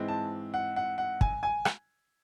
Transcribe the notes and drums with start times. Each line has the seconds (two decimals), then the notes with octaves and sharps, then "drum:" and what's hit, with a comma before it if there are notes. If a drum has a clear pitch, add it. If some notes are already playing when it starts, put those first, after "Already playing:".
Already playing: G#2 E3 G#3 C4
0.08 A5
0.54 F#5
0.76 F#5
0.98 F#5
1.21 G#5, drum: kick
1.43 G#5
1.65 drum: rim click